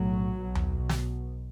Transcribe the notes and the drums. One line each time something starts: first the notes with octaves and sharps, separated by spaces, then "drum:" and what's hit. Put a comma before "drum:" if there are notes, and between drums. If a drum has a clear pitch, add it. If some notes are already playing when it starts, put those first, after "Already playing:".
Already playing: B1 A2 F#3
B1 B2
drum: tom D#2
drum: snare